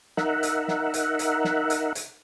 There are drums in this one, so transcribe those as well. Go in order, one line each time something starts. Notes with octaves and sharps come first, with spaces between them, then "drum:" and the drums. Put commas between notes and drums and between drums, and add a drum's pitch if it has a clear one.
D#4 A#4 E5 F#5, drum: snare
drum: hi-hat
drum: snare
drum: hi-hat
drum: hi-hat
drum: snare
drum: hi-hat
drum: hi-hat